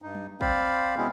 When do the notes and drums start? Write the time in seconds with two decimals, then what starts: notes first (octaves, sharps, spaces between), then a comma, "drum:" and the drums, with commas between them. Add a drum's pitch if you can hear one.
0.02 G2 D#4
0.15 drum: tom F#3
0.41 C4 C5 D5 F5 B5, drum: kick
0.97 B2 G#3 B3 C#4 E4